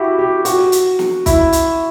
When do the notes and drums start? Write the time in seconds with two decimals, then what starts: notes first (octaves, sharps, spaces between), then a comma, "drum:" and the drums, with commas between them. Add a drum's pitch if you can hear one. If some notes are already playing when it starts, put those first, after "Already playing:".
Already playing: E4 F#4 G4
0.19 G4
0.45 F#4, drum: hi-hat
0.72 drum: hi-hat
0.99 drum: snare
1.26 E4, drum: kick, hi-hat
1.52 drum: hi-hat